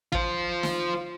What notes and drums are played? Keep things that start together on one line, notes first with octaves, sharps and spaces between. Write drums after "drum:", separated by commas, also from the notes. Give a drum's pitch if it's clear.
F4 C5, drum: kick
drum: snare